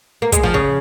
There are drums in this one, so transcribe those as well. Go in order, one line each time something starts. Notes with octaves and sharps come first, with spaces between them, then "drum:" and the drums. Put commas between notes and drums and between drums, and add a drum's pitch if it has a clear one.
A#3
G#3, drum: kick, hi-hat
F3
C#3